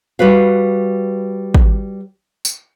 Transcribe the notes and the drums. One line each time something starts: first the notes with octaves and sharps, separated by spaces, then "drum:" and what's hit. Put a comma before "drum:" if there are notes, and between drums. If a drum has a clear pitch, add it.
G3 F#4 B4 F5
drum: kick
drum: tambourine